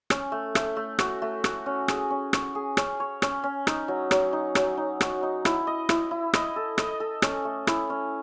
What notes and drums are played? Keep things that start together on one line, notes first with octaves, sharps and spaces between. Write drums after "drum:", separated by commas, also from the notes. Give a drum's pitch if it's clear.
C#4, drum: rim click
A3
A3, drum: rim click
A3
F#4, drum: rim click
A3
F#4, drum: rim click
C#4
G#4, drum: rim click
C#4
C#5, drum: rim click
G#4
C#4, drum: rim click
C#5
C#4, drum: rim click
C#4
D#4, drum: rim click
F#3
F#3, drum: rim click
D#4
F#3, drum: rim click
D#4
F#4, drum: rim click
D#4
E4, drum: rim click
D#5
E4, drum: rim click
E4
D#5, drum: rim click
A4
D#5, drum: rim click
A4
C#4, drum: rim click
A3
E4, drum: rim click
C#4